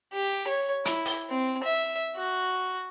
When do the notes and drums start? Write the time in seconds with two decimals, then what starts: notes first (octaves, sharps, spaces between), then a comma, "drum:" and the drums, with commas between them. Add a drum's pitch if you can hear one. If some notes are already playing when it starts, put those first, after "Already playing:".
0.13 G4
0.48 C#5
0.85 E4, drum: hi-hat
1.06 drum: open hi-hat
1.30 C4
1.64 E5
2.16 F#4